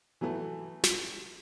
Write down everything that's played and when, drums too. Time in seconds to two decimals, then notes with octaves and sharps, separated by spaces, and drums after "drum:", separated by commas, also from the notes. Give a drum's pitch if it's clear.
0.21 E3 F#3 A3 B3
0.84 drum: snare